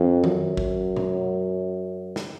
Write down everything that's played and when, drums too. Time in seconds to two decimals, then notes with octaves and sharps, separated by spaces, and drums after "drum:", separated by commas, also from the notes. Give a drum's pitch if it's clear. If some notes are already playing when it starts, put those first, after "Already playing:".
Already playing: F2
0.24 F#2, drum: tom D#3
0.57 drum: kick
0.96 drum: tom B2
2.16 drum: snare